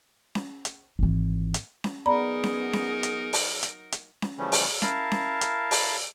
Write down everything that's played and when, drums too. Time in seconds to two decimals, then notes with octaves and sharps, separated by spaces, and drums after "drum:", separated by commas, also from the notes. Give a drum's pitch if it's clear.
0.35 drum: snare C#4
0.65 drum: hi-hat
0.99 G#1 E3
1.54 drum: hi-hat
1.84 drum: snare C#4
2.06 F#3 B3 D#4 G#4 A#4 D5 A#5 B5
2.44 drum: snare C#4
2.73 drum: snare C#4
3.03 drum: hi-hat
3.33 drum: open hi-hat
3.63 drum: hi-hat
3.92 drum: hi-hat
4.22 drum: snare C#4
4.38 C#3 E3 F3 G3 A3 C#4
4.52 drum: open hi-hat
4.82 E4 A#4 F5 A5, drum: snare C#4
5.12 drum: snare C#4
5.41 drum: hi-hat
5.71 drum: open hi-hat